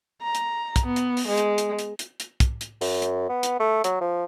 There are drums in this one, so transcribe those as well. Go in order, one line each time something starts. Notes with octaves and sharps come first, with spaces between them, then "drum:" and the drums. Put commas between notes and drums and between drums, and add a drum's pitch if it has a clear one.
A#5
drum: hi-hat
drum: kick, hi-hat
B3
drum: hi-hat
drum: open hi-hat
G#3
drum: hi-hat
drum: hi-hat
drum: hi-hat
drum: hi-hat
drum: hi-hat
drum: kick, hi-hat
drum: hi-hat
F#2, drum: open hi-hat
drum: hi-hat
B3
drum: hi-hat
A3
F#3, drum: hi-hat
F3